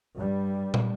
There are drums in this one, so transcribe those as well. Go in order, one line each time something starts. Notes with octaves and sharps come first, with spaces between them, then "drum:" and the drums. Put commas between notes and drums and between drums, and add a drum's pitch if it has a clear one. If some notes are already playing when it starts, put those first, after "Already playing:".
G2 G3
drum: tom